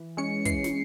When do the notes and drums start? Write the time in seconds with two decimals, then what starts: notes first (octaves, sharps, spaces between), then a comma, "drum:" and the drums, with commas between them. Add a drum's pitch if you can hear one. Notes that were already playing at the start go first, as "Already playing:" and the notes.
Already playing: E3
0.17 G#3 C#4 C#7
0.45 E3 C7, drum: kick, hi-hat
0.64 drum: snare